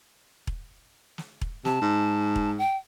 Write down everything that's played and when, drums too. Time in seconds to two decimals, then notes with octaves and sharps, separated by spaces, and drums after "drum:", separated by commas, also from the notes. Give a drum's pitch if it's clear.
0.47 drum: kick E1
1.18 drum: snare
1.41 drum: kick E1
1.65 C3 A5, drum: snare
1.82 G#2
2.36 drum: kick E1
2.58 G5